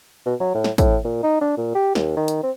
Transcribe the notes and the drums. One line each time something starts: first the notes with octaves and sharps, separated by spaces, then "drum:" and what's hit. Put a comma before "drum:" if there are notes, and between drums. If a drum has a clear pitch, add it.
B2
F#3
A2
drum: snare
A2, drum: kick, hi-hat
A#2
D#4
D4
A#2
G4
D#2, drum: snare
D#3
drum: hi-hat
C4